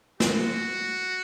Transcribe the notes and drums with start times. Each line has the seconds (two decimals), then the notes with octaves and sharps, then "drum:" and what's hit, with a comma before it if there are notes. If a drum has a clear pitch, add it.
0.20 F#4, drum: snare